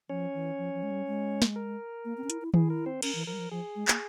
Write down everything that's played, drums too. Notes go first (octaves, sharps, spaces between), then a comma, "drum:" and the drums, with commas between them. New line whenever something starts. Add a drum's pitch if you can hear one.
F3 C#4 C#5
E3
F3
F3
G#3
G3
G#3
drum: snare
A#4
A#3
C4
C#4
E4, drum: hi-hat
E4
E4 G#4, drum: tom D#3
A#4
C4 C5
C#4 A#4, drum: cymbal
E3
F3 A#4
G3
F3
F3 G#4
G#3
A#3, drum: clap